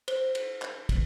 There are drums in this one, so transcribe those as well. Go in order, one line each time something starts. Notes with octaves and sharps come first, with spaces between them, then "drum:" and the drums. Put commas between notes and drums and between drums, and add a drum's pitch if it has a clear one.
C5, drum: cymbal
drum: cymbal
drum: clap
drum: kick, cymbal